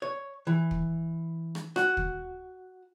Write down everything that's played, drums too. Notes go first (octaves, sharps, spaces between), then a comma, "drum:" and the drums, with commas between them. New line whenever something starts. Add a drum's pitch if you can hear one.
C#5
E3
drum: kick
drum: rim click
F#4, drum: rim click
drum: kick